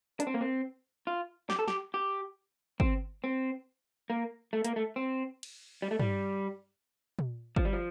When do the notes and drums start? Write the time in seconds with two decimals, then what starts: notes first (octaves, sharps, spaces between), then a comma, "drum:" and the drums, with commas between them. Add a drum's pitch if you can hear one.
0.20 D4, drum: hi-hat
0.27 C4
0.34 A#3
0.41 C4
1.07 F4
1.50 G4, drum: snare
1.59 A4
1.68 G4, drum: snare
1.94 G4
2.80 C4, drum: kick G1
3.24 C4
4.10 A#3
4.53 A3
4.65 A#3, drum: hi-hat
4.76 A3
4.96 C4
5.43 drum: cymbal
5.82 G3
5.91 A3
6.00 G3, drum: tom G2
7.19 drum: tom A#2
7.56 F3, drum: kick G1
7.65 G3
7.73 F3